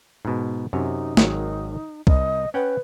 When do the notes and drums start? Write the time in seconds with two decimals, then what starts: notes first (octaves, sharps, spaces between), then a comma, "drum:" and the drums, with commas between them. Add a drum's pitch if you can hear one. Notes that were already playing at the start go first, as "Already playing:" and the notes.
0.25 G#2 B2
0.73 F#2 C3 D#4 C#5
1.17 G#1 D#3 F#3, drum: snare
2.07 C2 D#5, drum: kick
2.54 C#4 B4 F#5 G5